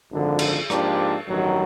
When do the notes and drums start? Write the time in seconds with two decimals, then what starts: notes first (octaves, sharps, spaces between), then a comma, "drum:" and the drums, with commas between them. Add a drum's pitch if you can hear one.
0.11 G#1 F#2 D3 F3
0.39 drum: cymbal
0.70 G#2 F3 A#3 D4 G4, drum: rim click
1.28 A1 G2 D#3 F#3